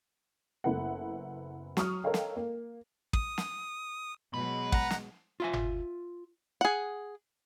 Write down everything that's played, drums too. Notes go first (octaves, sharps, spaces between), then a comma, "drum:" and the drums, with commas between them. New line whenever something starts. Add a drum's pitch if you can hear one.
F#1 B3 E4 A4 F#5
F#3 C#6 D#6 F6, drum: snare
A4 A#4 C#5 D#5 F5 G5
drum: snare
A#3
D#6, drum: kick
drum: snare
B2 F#3 G#3 B4 B5
F#5 A#5, drum: kick
drum: snare
F4 E5 G#5
drum: tom G1
G#4 F#5